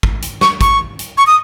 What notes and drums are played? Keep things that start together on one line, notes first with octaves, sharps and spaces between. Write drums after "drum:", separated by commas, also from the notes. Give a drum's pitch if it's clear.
drum: kick
drum: hi-hat
C#6, drum: snare
C#6, drum: kick, hi-hat
drum: hi-hat
C#6
D#6